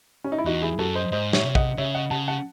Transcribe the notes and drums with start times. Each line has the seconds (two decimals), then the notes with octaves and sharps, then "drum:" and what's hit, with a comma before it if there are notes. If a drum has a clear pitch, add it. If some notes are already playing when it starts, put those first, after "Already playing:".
0.24 C#4
0.32 D#4
0.38 E4
0.45 E2 D#4 F#4
0.62 E4 G#4
0.79 F#2 F#4 A4
0.95 C5 D#5
1.12 G#2 C5 D#5
1.33 A2 C#5 E5, drum: snare
1.45 C3
1.55 D#5 F#5, drum: kick
1.78 C#3 C#5 E5
1.95 D#5 F#5
2.11 C#3 F#5 A5
2.28 F#5 A5